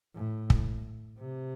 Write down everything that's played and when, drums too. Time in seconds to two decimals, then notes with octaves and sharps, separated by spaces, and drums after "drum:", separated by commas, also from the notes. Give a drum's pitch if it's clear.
0.15 A2
0.50 drum: kick
1.20 C3